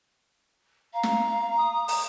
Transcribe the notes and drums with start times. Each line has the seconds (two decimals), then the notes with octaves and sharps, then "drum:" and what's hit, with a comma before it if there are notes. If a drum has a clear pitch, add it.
0.93 F5 A#5
1.03 drum: snare
1.58 D#6
1.88 drum: open hi-hat